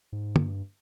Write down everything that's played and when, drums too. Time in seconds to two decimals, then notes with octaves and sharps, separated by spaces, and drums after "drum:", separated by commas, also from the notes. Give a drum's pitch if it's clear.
0.13 G#2
0.36 G2, drum: tom